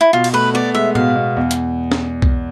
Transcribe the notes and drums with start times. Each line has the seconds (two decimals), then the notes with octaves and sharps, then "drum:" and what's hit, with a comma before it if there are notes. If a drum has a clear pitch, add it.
0.01 E4
0.13 B2 F4
0.24 drum: cymbal
0.33 A3 B4
0.54 B3 D5
0.75 G#3 E5
0.95 B2 F5, drum: tom A2
1.16 B2
1.37 E2
1.51 drum: hi-hat
1.92 drum: snare
2.22 drum: kick